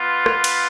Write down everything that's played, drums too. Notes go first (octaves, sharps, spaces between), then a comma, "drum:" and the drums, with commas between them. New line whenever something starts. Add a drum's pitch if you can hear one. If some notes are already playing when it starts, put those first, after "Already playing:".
Already playing: B3 F4
drum: rim click
drum: cymbal